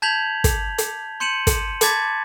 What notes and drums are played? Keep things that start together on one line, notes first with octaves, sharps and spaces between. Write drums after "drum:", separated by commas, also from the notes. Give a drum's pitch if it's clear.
A5 G6 G#6 B6 F7 F#7
drum: kick, hi-hat
drum: hi-hat
C6 G6 C#7 D#7 E7 F#7
drum: kick, hi-hat
A5 B5 D6 G#6 A6 B6, drum: hi-hat